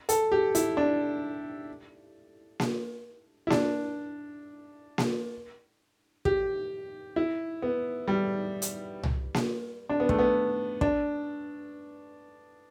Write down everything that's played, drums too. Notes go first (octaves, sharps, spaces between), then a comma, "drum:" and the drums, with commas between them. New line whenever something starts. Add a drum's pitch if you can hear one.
A4, drum: hi-hat
G4
E4, drum: hi-hat
D4
drum: snare A#3
E4
D4, drum: snare A#3
drum: snare A#3
G4, drum: kick
E4
B3
G3
drum: hi-hat
drum: tom C2
drum: snare A#3
D4
B3
A3, drum: kick
B3
D4, drum: kick